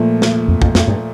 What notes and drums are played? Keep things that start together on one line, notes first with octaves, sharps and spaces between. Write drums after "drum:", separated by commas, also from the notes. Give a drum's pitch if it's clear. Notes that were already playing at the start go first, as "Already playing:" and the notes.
Already playing: A#2 F3 A3
drum: snare
F2
F2, drum: kick
F2, drum: snare
G2